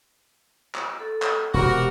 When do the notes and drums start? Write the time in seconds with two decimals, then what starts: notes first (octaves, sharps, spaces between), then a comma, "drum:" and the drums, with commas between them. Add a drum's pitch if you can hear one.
0.75 drum: clap
0.99 A4
1.22 drum: clap
1.54 E1 C3 F#4 G4 A#4 D6